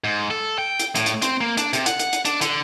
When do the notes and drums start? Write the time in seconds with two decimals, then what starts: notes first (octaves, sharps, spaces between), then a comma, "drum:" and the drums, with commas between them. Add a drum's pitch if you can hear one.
0.04 G#2
0.31 A4
0.59 G5
0.80 drum: hi-hat
0.95 A2, drum: hi-hat
1.06 drum: hi-hat
1.22 C4, drum: hi-hat
1.41 A#3
1.58 D4, drum: hi-hat
1.73 C3, drum: hi-hat
1.86 F#5, drum: hi-hat
1.99 drum: hi-hat
2.13 drum: hi-hat
2.25 D4, drum: hi-hat
2.41 D3, drum: hi-hat